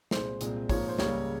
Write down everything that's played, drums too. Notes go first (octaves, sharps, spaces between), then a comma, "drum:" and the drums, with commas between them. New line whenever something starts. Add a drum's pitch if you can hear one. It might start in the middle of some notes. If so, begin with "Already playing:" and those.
C2 A#2 G#3 C5, drum: snare
C2 A#2 G#3 C4, drum: hi-hat
G#2 F3 A#3 C#5, drum: kick, open hi-hat
C5
C#2 C#3 G3 A#3 C#5, drum: snare